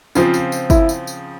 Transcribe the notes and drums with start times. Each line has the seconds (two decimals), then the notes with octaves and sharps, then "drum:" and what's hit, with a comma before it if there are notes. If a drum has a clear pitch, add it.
0.15 C#3 F3 C4 F4, drum: tambourine
0.34 drum: tambourine
0.52 drum: tambourine
0.70 E4, drum: kick, tambourine
0.89 drum: tambourine
1.07 drum: tambourine